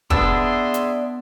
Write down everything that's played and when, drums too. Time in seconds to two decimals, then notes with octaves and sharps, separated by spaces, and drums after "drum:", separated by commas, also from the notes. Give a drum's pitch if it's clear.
0.10 B3 D4 G#4 E5 C6 E6, drum: kick
0.74 drum: hi-hat